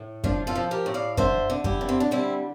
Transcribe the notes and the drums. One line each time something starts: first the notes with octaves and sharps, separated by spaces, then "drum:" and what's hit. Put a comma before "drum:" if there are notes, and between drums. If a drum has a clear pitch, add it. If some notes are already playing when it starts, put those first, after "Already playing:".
Already playing: A2
F3 D4 F4, drum: kick F#2
F4 A4
F3
G4 A#4
A2
D5 F5
D3 C5 E5, drum: kick F#2
D3
E4 G4, drum: kick F#2
D3
C4
D4
G3 C4 E4